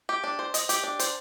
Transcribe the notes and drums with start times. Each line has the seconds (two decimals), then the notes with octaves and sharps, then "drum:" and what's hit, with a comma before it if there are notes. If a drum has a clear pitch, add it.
0.09 G4
0.24 D4
0.39 C5
0.54 D#5, drum: hi-hat
0.69 G4, drum: hi-hat
0.84 D4
0.99 C5, drum: hi-hat